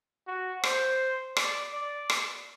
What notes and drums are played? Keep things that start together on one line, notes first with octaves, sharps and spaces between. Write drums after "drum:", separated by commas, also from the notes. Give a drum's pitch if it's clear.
F#4
C5, drum: rim click
D5, drum: rim click
D5
drum: rim click